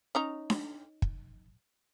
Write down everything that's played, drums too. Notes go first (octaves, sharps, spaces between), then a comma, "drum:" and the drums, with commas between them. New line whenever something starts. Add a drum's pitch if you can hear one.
C#4 D#4 A#5
drum: snare D4
drum: kick